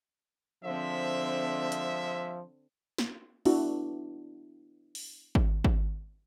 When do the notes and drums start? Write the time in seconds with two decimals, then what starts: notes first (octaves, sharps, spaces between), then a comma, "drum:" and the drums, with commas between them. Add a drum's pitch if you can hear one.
0.64 D3 F3 G#3 C4 E5
1.72 drum: hi-hat
2.98 drum: snare
3.45 B3 D4 E4 F#4, drum: open hi-hat
4.95 drum: open hi-hat
5.35 drum: kick G#1
5.64 drum: kick G#1